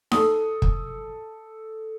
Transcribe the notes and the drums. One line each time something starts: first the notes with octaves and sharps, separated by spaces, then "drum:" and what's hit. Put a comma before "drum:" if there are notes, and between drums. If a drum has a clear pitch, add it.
A4 D#6, drum: snare D#4
drum: kick